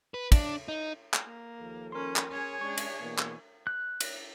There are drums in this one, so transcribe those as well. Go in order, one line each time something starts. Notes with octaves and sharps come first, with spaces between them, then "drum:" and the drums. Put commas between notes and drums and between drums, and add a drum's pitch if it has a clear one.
B4
D4, drum: kick, cymbal
D#4
drum: clap
A#3
D#2 F3 A4
C#4 A#4 C6
drum: clap
C#4 G#4 C#5
G#3 C#4 D4 G4 C#6
drum: cymbal
B2 E3 A#3
drum: clap
F#6
drum: cymbal